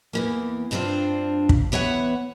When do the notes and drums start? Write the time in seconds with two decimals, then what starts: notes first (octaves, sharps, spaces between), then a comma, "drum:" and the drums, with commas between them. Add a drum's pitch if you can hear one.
0.13 E2 E3 A#3
0.71 G2 C4 D4 D#4 F4 C5
1.49 drum: kick
1.72 E3 B3 C#5 E5 F#5